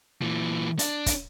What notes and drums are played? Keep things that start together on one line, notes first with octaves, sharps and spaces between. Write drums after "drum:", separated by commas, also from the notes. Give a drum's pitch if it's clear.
A#2 E3
D4, drum: hi-hat
drum: kick, hi-hat